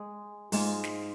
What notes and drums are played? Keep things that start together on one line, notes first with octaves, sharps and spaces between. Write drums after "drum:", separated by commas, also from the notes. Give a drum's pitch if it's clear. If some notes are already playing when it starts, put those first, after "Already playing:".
Already playing: G#3 G#4
G#2 G#3 F4 G#4, drum: open hi-hat
drum: snare